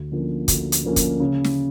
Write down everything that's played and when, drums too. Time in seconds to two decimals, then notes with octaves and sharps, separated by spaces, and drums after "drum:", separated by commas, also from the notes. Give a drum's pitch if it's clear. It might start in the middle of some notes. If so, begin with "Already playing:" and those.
Already playing: D2
0.12 D3 F3 A#3 C#4
0.48 D2, drum: kick, hi-hat
0.72 drum: hi-hat
0.84 D3 F3 A#3 C#4
0.96 drum: kick, hi-hat
1.20 C#3
1.44 drum: snare